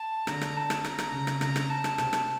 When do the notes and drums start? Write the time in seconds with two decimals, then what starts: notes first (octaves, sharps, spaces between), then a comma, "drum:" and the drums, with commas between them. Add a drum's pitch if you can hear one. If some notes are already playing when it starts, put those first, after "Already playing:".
Already playing: A5
0.27 D3 A#5, drum: rim click
0.41 drum: rim click
0.56 A5
0.70 drum: rim click
0.84 A#5, drum: rim click
0.99 drum: rim click
1.12 C#3
1.27 drum: rim click
1.41 C#3 A#5, drum: rim click
1.56 drum: rim click
1.70 A5
1.84 drum: rim click
1.98 C3, drum: rim click
2.13 drum: rim click